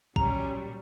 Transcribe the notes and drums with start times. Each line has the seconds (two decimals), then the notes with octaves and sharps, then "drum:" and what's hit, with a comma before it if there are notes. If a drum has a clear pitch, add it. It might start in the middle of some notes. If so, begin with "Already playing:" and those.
0.16 D#2 A#2 F#3 G3 C#4 A#5, drum: kick